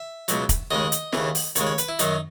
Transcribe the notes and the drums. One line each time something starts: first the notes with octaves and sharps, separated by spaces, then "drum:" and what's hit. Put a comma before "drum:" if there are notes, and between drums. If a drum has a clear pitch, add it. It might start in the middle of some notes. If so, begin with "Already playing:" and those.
Already playing: E5
C#2 B2 F#3, drum: hi-hat
drum: kick, hi-hat
D#2 C#3 G#3 D#5
drum: hi-hat
D#2 C#3 E3, drum: snare
drum: open hi-hat
D#2 C#3 G#3 C#5, drum: hi-hat
C#5
B4, drum: hi-hat
E4
F#2 D#3 F#3 D#4, drum: hi-hat